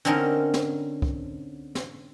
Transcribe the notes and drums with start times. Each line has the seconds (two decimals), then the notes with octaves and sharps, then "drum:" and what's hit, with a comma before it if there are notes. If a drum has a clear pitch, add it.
0.05 D3 C4 C#4 D#4 A#4
0.54 drum: snare
1.02 drum: kick
1.75 drum: snare